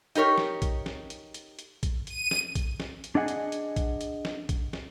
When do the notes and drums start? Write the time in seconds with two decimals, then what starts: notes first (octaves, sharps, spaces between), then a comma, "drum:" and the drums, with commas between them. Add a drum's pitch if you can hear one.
0.15 D#4 G4 A#4 C#5, drum: hi-hat
0.38 drum: snare
0.62 drum: kick A#1, hi-hat
0.86 drum: snare
1.10 drum: hi-hat
1.34 drum: hi-hat
1.59 drum: hi-hat
1.83 drum: kick A#1, hi-hat
2.07 D#7, drum: hi-hat
2.31 drum: snare
2.55 drum: kick A#1, hi-hat
2.80 drum: snare
3.04 drum: hi-hat
3.15 D4 G#4 D#5 F#5 G#5
3.28 drum: hi-hat
3.52 drum: hi-hat
3.76 drum: kick A#1, hi-hat
4.01 drum: hi-hat
4.25 drum: snare
4.49 drum: kick A#1, hi-hat
4.73 drum: snare